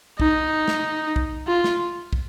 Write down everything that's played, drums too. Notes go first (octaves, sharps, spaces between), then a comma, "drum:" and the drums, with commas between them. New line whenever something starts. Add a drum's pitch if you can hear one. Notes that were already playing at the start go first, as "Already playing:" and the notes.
D#4, drum: kick
drum: snare
drum: kick
F4
drum: snare
drum: kick